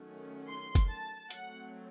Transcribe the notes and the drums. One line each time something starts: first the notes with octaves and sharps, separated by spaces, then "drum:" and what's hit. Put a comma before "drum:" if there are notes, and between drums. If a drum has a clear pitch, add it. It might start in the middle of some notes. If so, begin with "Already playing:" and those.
Already playing: D#3 F#3 A3 C#4
C6
drum: kick F#1, hi-hat
A5
F#3 A3 C4 F#5, drum: hi-hat